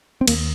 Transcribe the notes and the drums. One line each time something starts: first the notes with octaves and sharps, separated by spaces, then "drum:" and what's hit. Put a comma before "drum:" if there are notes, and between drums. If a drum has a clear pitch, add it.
C4
D#2 A#3, drum: cymbal